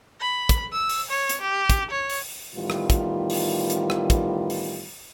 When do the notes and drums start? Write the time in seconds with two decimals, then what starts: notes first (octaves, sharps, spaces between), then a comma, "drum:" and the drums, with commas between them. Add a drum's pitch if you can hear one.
0.21 B5
0.49 drum: kick, hi-hat
0.72 E6
0.89 drum: open hi-hat
1.09 C#5
1.29 drum: hi-hat
1.41 G4
1.70 drum: kick, hi-hat
1.91 C#5
2.10 drum: open hi-hat
2.55 A2 D#3 E3 G3 B3 F4
2.70 drum: rim click
2.90 drum: kick, hi-hat
3.30 drum: open hi-hat
3.70 drum: hi-hat
3.90 drum: rim click
4.10 drum: kick, hi-hat
4.50 drum: open hi-hat